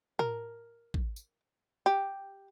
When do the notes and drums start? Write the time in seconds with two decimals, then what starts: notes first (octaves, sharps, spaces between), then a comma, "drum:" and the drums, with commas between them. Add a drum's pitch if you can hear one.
0.19 A#4, drum: tom
0.94 drum: kick
1.16 drum: tambourine
1.86 G4